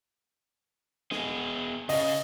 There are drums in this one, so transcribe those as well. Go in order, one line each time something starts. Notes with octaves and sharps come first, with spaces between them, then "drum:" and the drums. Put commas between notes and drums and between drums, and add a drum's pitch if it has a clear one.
B3 G#4 D#5, drum: snare
C#3 D#5, drum: open hi-hat